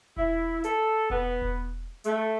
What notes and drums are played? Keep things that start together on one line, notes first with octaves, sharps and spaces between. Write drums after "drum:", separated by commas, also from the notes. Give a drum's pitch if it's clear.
E4, drum: kick E1
A4, drum: hi-hat
B3, drum: kick E1
drum: kick E1
A3, drum: hi-hat